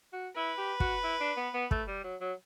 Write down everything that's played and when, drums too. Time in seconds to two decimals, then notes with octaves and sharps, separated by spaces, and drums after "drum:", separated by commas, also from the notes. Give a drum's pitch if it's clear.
0.13 F#4
0.36 E4 B4
0.58 G4
0.80 F#4, drum: kick
1.03 E4
1.20 D4
1.37 B3
1.54 B3
1.71 A3, drum: kick
1.88 G3
2.04 F#3
2.21 F#3